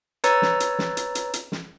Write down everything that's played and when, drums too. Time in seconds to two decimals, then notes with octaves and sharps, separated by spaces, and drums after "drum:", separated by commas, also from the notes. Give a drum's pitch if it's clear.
0.24 B4 C#5 A#5 E6 A6, drum: hi-hat
0.42 drum: snare
0.60 drum: hi-hat
0.79 drum: snare
0.97 drum: hi-hat
1.15 drum: hi-hat
1.33 drum: hi-hat
1.52 drum: snare